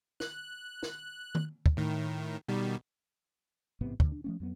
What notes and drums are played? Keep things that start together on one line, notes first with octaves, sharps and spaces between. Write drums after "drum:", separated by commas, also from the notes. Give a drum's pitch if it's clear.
F#6, drum: snare
drum: snare
drum: tom D#3
drum: kick
A2 D#3
B2 D#3 G3
A1 G#2 C3 B3
D2 D3, drum: kick
D4
F3 A3 C#4
F2 F#3 B3